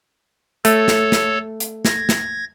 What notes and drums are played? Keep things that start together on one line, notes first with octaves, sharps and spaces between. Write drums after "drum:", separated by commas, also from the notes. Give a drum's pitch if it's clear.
A3 A4 C#5, drum: hi-hat
drum: snare
drum: snare
drum: hi-hat
G#6 A#6, drum: snare
drum: snare